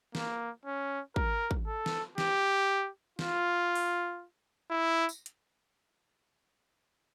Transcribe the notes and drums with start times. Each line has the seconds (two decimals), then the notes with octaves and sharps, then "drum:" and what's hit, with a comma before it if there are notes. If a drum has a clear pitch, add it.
0.15 A#3, drum: snare
0.65 C#4
1.16 A#4, drum: kick
1.51 drum: kick
1.67 A4
1.86 drum: snare
2.18 G4, drum: snare
3.19 F4, drum: snare
3.75 drum: open hi-hat
4.71 E4
5.09 drum: tambourine
5.26 drum: hi-hat